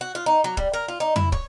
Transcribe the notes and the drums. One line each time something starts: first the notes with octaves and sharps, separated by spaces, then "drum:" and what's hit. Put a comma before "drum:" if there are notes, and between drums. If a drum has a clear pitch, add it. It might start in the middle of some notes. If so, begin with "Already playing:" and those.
F#4
F4
D#4
F#3
G3, drum: kick
A#4
F4
D#4
E4, drum: tom F2
C#5, drum: kick